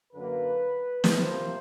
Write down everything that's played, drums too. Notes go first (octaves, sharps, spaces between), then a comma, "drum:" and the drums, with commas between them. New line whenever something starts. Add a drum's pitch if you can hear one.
F#2 D3 F#3 A#3 B4
drum: snare
C3 F3 A#3 C5